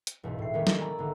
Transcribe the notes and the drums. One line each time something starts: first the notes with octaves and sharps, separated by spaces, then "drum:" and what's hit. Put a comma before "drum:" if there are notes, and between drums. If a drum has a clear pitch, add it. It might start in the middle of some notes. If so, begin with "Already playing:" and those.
drum: hi-hat
E1 C#2 G#2 B2
A2 C7
D#3 G3 A#3 B3 C#4
D#3, drum: snare
D5 G#5 A#5 B5 E6
G#1 D3